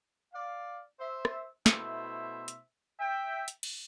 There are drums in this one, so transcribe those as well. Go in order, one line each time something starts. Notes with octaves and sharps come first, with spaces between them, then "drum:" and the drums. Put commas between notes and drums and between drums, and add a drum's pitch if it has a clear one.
D5 F5
C5 E5
drum: rim click
B2 A3 E4 C5 E5, drum: snare
drum: hi-hat
E5 G5
drum: hi-hat
drum: cymbal